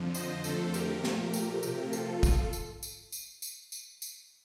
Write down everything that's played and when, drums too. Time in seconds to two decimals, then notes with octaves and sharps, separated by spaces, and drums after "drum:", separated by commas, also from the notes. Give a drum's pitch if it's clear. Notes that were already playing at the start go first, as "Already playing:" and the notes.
Already playing: F2 D3 F3
0.15 C5 D#5, drum: tambourine
0.44 F2 D3 F3 A3 A4 C5, drum: tambourine
0.74 G4 A#4, drum: tambourine
1.04 A#2 F3 A3, drum: snare
1.34 drum: tambourine
1.63 C3 F3 A3, drum: tambourine
1.93 F4 A4, drum: tambourine
2.23 drum: kick, tambourine
2.53 drum: tambourine
2.83 drum: tambourine
3.12 drum: tambourine
3.42 drum: tambourine
3.72 drum: tambourine
4.02 drum: tambourine